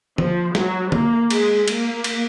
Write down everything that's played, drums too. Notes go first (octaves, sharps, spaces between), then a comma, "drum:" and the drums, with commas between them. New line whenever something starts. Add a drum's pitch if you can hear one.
F3, drum: tom
F#3, drum: snare
A#3, drum: tom
G#3, drum: cymbal
A#3, drum: cymbal
drum: cymbal